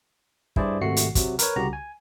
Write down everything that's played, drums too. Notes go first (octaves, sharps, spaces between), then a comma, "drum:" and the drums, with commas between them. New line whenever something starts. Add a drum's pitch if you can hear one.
G2 E4 G#4 C5 D5, drum: kick
G#1 C3 A3 F#4 C7 C#7
drum: hi-hat
C3 F#3 F#4, drum: kick, hi-hat
A#4 B4 C#5, drum: hi-hat
C2 C#3 F#4 G4 A#5
G#5